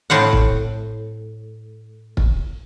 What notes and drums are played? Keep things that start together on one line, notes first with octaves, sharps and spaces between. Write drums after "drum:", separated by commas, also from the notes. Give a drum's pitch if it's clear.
A2 C4 F5 F#5
drum: kick
drum: kick